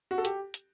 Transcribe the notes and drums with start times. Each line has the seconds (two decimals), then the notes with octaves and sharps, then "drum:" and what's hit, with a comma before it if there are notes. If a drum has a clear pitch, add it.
0.11 F#4
0.18 A4
0.25 G4, drum: hi-hat
0.54 drum: hi-hat